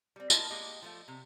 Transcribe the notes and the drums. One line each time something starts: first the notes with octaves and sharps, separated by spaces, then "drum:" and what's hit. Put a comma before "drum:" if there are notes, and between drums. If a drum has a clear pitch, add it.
G3 C4
A#3 E4 F4 A#4 D#5 A5, drum: tambourine
G#3 A#3 G4 D#5 G5
F3 A3 F4
C3